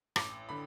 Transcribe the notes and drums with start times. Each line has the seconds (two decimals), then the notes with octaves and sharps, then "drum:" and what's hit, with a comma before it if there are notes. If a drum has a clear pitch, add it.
0.16 A1 D6, drum: rim click
0.49 D3 B5